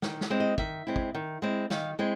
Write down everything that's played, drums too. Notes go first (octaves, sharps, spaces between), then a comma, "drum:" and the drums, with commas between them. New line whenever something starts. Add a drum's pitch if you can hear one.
D#3, drum: snare
drum: snare
G#3 C4 E4
D#5
D#3 E5, drum: kick
G#3 C4 E4
drum: kick
D#3
G#3 C4 E4
D#3 F5, drum: snare
G#3 C4 E4